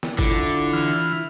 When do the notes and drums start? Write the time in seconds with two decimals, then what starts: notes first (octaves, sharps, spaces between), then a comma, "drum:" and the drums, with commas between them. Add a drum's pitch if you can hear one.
0.03 drum: snare
0.19 D3 E4 F4, drum: kick G1
0.73 E3 F6